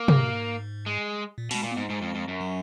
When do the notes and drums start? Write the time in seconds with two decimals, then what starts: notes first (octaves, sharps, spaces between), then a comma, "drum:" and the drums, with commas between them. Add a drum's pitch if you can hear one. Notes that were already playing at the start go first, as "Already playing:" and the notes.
Already playing: A#3
0.08 G#2, drum: tom
0.86 G#3
1.38 A#2
1.51 B2 G#3, drum: open hi-hat
1.63 A#2
1.72 G#2 B3
1.90 G#2 G#3
2.02 F2
2.15 F2
2.28 F#2
2.41 F#3